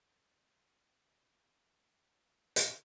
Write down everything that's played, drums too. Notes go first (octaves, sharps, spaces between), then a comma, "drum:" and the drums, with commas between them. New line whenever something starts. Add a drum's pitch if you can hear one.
D#3 G3 G#3 C4
drum: hi-hat